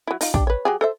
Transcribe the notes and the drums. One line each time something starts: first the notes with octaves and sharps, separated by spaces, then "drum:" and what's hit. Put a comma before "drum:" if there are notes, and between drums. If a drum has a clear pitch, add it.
F#3 E4
D#4 F4, drum: open hi-hat
D4 G4, drum: kick
B4 C#5
F#3 G4 G#4
A4 C5 E5